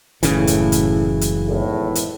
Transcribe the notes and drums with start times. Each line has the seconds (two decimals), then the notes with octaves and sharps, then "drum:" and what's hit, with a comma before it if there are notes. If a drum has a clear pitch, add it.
0.23 F#1 A2 C#3 E3, drum: hi-hat
0.47 drum: hi-hat
0.72 drum: hi-hat
1.21 drum: hi-hat
1.46 G#1 E2 A2
1.95 drum: hi-hat